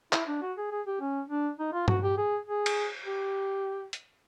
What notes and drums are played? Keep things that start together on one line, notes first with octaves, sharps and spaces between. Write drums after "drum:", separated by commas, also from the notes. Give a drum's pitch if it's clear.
E4, drum: clap
D4
F#4
G#4
G#4
G4
C#4
D4
D#4
F4
F#4, drum: tom G2
G4
G#4
G#4
drum: cymbal
G4
drum: hi-hat